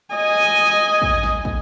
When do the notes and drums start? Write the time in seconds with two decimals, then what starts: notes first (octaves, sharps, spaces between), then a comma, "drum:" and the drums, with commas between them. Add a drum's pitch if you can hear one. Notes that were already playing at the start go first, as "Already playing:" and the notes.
0.15 D#5 G#5
1.02 drum: kick
1.23 drum: snare
1.45 drum: kick